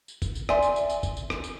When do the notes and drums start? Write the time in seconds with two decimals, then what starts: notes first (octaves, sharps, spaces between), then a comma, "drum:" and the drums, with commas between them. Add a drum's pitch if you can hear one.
0.08 drum: tambourine
0.22 drum: kick F#1, tambourine
0.35 drum: tambourine
0.49 D5 E5 G#5 C6, drum: rim click
0.62 drum: tambourine
0.76 drum: tambourine
0.90 drum: tambourine
1.03 drum: kick F#1, tambourine
1.17 drum: tambourine
1.30 drum: rim click
1.44 drum: tambourine